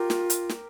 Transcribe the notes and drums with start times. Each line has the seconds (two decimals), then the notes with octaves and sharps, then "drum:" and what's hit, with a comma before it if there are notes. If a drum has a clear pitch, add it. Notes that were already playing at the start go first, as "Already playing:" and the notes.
Already playing: F4 G4 A#4
0.10 drum: snare
0.30 drum: hi-hat
0.49 drum: snare